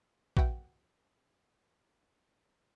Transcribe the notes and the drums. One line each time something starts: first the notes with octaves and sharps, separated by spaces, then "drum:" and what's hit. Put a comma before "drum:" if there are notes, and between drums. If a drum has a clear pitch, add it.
F#4 B4 E5 F#5 G5, drum: kick A#1